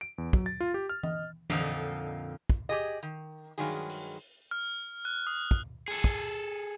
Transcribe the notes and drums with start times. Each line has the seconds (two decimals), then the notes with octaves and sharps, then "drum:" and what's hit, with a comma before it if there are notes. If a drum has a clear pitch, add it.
0.01 D7
0.18 E2
0.33 F#3, drum: kick
0.46 A6
0.60 F4
0.74 G4
0.89 F6
1.03 D#5, drum: tom E3
1.50 F2 A#2 D3 F3 D#4, drum: tom E3
2.50 drum: kick
2.69 G4 G#4 D#5
3.03 D#3
3.58 G2 D#3 F#3 G#3 G#4, drum: open hi-hat
3.90 drum: open hi-hat
4.51 F6
5.05 F#6
5.27 D#6
5.51 drum: kick
5.88 G#4 A4
6.04 drum: kick